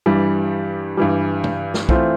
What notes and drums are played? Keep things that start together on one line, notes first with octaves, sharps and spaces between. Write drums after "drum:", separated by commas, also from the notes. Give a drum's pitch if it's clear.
G2 E3 G3
G2 E3 G3
drum: tom
drum: snare
E3 A3 C4 F4 C5, drum: kick